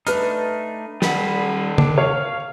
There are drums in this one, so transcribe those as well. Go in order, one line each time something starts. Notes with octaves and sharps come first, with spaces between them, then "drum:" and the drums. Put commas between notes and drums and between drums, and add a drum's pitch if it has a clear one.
A3 D4 D#4 B4 F6, drum: hi-hat
D#3 G3 F#5 B5, drum: snare
D4, drum: tom C#3
C#5 F5